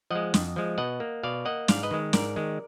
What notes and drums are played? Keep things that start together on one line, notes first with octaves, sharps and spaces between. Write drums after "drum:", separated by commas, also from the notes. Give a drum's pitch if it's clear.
F3 G#3 D#5 F#5
F2, drum: snare
F3 G#3
B2 D#5 F#5
A#3
B2 D5 F5
A#3 D#5 F#5
G#2 D5 F5, drum: snare
B4 D#5
D#3 G#3
G#2 A#4 D5, drum: snare
D#3 G#3